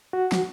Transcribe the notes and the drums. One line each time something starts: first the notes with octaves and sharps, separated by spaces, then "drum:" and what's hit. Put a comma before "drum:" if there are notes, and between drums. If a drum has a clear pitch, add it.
F#4
drum: snare